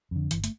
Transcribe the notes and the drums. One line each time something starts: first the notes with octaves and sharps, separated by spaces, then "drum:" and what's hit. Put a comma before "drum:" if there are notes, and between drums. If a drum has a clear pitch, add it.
F2 D3
G1 E3, drum: hi-hat
A3, drum: hi-hat